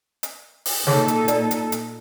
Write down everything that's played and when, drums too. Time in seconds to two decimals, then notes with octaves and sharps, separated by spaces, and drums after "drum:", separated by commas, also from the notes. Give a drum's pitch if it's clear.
0.23 drum: hi-hat
0.65 drum: open hi-hat
0.87 A#2 D#4 G#4 A4 C#5, drum: snare
1.08 drum: hi-hat
1.28 D5, drum: hi-hat
1.51 drum: hi-hat
1.72 drum: hi-hat